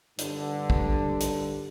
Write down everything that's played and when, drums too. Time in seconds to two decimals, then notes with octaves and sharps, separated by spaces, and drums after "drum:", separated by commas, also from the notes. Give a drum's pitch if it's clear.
0.19 G2 D3, drum: hi-hat
0.70 drum: kick
1.21 drum: hi-hat